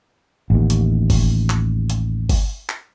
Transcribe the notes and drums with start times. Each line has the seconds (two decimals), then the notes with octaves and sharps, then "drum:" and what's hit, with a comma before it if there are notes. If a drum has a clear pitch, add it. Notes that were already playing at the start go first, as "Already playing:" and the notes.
0.50 A1 D#2
0.70 drum: hi-hat
1.10 drum: kick G1, open hi-hat
1.50 drum: clap
1.90 drum: hi-hat
2.29 drum: kick G1, open hi-hat
2.69 drum: clap